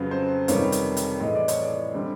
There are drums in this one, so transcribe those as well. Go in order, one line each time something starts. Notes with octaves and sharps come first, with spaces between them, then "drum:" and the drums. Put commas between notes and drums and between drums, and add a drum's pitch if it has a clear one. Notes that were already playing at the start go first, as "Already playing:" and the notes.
Already playing: F2 C#3 F#3 B4
C5
F2 C3 D#3 G3 B3 C#5, drum: hi-hat
drum: hi-hat
drum: hi-hat
A2 E3 G#3 D#5
D5
C#5, drum: hi-hat
D5
D3 G3 C4